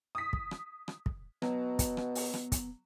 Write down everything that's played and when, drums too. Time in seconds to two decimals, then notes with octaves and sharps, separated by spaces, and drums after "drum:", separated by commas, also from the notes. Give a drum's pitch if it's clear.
0.15 D#6 B6
0.33 drum: kick
0.51 drum: rim click
0.88 drum: rim click
1.06 drum: kick
1.42 B2 F#3 B3, drum: rim click
1.79 drum: kick, hi-hat
1.97 drum: rim click
2.15 drum: open hi-hat
2.34 drum: rim click
2.52 drum: kick, hi-hat